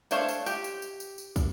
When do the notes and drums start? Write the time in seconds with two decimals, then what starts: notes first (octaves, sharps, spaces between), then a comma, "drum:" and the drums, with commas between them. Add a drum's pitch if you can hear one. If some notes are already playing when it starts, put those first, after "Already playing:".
0.11 A3 D4 C5 C#5 F5, drum: tambourine
0.28 drum: tambourine
0.46 G4, drum: tambourine
0.64 drum: tambourine
0.82 drum: tambourine
1.00 drum: tambourine
1.18 drum: tambourine
1.36 drum: kick, tambourine